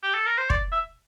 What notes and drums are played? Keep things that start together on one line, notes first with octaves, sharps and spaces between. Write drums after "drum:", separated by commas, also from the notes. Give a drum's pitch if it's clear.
G4
A4
A#4
C5
D5, drum: kick
E5